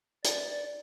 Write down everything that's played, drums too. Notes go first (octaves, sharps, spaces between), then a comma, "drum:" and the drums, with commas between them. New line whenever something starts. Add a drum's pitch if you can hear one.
D5, drum: hi-hat